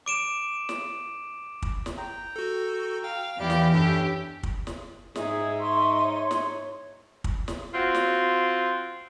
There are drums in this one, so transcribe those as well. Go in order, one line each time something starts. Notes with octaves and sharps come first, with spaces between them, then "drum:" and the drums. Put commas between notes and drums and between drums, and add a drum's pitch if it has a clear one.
D6 D7 E7
drum: snare
drum: kick
drum: snare
G5 A#5
F#4 A4
F5 G5
E2 E3 E4 G4 D5 F5
drum: snare
F#2 C#4 D4 G4 A4
drum: kick
drum: snare
G#2 D#4 G#4 E5, drum: snare
C6 C#6
C#5
drum: snare
drum: kick
drum: snare
C4 F4 F#4
drum: snare